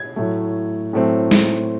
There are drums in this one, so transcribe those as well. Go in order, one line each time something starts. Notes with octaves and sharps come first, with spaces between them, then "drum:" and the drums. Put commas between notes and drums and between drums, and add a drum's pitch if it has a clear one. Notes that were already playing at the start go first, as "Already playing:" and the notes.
Already playing: G#6
A2 F#3 A3
A2 F#3 A3 C4
drum: snare